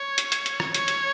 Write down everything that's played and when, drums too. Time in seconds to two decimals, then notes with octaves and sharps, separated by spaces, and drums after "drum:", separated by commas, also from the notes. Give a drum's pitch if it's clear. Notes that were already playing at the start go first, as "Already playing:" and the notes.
Already playing: C#5
0.18 drum: hi-hat
0.32 drum: hi-hat
0.46 drum: hi-hat
0.60 drum: rim click
0.74 C#5, drum: hi-hat
0.88 drum: hi-hat